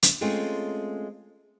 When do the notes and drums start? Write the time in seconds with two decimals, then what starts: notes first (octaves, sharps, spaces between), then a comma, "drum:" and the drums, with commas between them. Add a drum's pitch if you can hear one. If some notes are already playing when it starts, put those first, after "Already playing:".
0.03 drum: hi-hat
0.21 G#3 A3 C4 C#4 F4